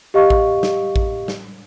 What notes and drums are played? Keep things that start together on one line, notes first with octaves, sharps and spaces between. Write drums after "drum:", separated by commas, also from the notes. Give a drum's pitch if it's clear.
G4 D#5 F5 C#6
drum: kick A1
drum: snare
drum: kick A1
drum: snare